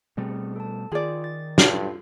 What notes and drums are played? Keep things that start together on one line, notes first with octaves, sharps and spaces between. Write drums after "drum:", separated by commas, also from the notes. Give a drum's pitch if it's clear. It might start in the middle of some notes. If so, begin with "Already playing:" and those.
B2 G3 A3 C4 G#4
A4 A5
D#3 F4 G#4 D5
A6
G2 F4 A4, drum: snare